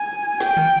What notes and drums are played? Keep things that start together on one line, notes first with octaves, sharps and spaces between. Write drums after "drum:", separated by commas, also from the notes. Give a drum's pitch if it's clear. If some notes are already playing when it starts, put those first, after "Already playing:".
Already playing: G#5
G5, drum: snare
drum: tom D3